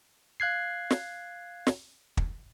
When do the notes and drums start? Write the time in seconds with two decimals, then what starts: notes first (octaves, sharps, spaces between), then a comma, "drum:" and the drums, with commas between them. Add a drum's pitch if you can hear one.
0.40 F5 F#6 G#6 C7
0.91 drum: snare
1.67 drum: snare
2.17 drum: kick